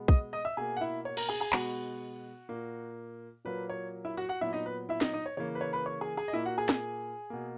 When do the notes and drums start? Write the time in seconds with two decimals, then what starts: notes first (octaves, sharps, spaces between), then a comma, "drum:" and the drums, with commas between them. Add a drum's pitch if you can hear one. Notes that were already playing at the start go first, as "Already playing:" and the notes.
Already playing: B2 G#3 B3
0.08 D#5 D#6, drum: kick
0.33 D#5 D#6
0.45 E5 E6
0.57 B2 A#3 G#4 G#5
0.77 F#5
0.81 E4 E5
1.05 C#5
1.17 A#4 A#5, drum: cymbal
1.29 G#4 G#5
1.40 G#4 G#5
1.52 B2 G#3 B3 F#4 F#5, drum: clap
2.49 A#2 A#3
3.45 A#2 F#3 A#3 B4
3.70 C#5
4.05 E4 E5
4.17 F#4 F#5
4.29 F#4 F#5
4.41 A#2 F#3 B3 E4 E5
4.53 D#4 D#5
4.66 B4
4.89 E4 E5
5.01 D#4 D#5, drum: snare
5.13 D#4 D#5
5.26 C#5
5.37 C#3 E3 A#3 C#5
5.55 B4
5.61 C#5
5.73 B4 B5
5.86 C#5 C#6
6.01 G#4 G#5
6.17 G#4 G#5
6.28 D#5
6.33 A#2 A#3 E4 E5
6.45 F#4 F#5
6.58 G#4 G#5
6.69 G#4 G#5, drum: snare
7.30 B2 A#3